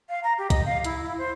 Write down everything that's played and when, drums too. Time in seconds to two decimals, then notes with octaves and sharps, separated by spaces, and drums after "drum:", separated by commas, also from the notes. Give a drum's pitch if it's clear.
0.09 F5
0.24 A#5
0.38 G4
0.50 D#5, drum: kick C2, hi-hat
0.65 F5
0.84 E4, drum: hi-hat
1.02 E4
1.18 C5